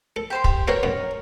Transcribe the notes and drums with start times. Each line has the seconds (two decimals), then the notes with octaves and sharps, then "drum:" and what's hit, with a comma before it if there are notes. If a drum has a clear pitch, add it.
0.16 A4
0.30 G4 C5 C6
0.44 G4, drum: kick
0.68 B3 F#4 A#4 C5 C#5
0.83 F#2 B2